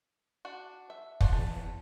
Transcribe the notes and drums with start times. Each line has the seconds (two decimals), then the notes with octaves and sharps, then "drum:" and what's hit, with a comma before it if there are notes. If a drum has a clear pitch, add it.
0.45 D4 F#4
0.90 E5
1.21 D4 F4 F#4, drum: kick
1.33 E2 A5